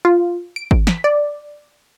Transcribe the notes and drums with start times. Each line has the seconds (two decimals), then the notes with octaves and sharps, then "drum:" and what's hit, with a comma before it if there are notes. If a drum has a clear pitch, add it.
0.05 F4
0.56 D7
0.71 drum: kick G#1
0.87 B6, drum: snare
1.04 D5